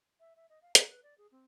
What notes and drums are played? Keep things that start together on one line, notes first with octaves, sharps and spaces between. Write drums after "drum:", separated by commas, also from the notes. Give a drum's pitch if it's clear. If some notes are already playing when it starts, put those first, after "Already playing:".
E5
E5
D#5
F5
A#5, drum: hi-hat
B4
D5
G#4
C4